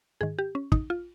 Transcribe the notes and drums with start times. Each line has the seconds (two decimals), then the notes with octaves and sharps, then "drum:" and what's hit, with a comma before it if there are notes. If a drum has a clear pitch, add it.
0.21 G#2 D#3 G#4
0.39 G4
0.55 C#4
0.72 D#4, drum: kick
0.90 F4